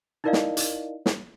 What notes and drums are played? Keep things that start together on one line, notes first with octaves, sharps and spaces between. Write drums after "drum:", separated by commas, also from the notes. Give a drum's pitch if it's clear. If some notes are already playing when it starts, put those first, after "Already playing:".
D#4 E4 A#4 D5 D#5 F5
drum: snare
drum: hi-hat
drum: snare